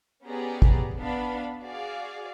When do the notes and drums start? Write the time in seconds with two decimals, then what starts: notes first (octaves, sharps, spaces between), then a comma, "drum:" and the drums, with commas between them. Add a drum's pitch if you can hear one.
0.24 B3 C#4 G4 G#4 D5 A#5
0.62 drum: kick
0.99 B3 D4 F5 B5
1.62 F#4 G#4 D5 F5